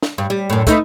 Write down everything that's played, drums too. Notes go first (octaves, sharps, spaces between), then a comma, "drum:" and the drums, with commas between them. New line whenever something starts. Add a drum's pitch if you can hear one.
drum: snare
G2
G3
F#2 A2
A3 D#4 B4, drum: kick, hi-hat